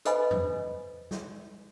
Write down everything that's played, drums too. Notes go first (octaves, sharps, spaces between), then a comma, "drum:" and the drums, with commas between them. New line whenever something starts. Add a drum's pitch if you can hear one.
A4 B4 C5 D#5 G#5 B5, drum: hi-hat
drum: tom
drum: snare